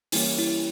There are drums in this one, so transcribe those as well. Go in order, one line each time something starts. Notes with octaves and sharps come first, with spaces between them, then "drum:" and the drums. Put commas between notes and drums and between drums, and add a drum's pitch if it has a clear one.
E3 G3 A#3 C#4 E4, drum: open hi-hat
E4